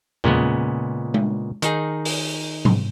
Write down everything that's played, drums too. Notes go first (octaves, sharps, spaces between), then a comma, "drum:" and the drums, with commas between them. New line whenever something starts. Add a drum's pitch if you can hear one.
A#2 C#3 G#3 B3, drum: tom E2
drum: tom G#3
D#3 D#4 G#4, drum: hi-hat
drum: open hi-hat
drum: tom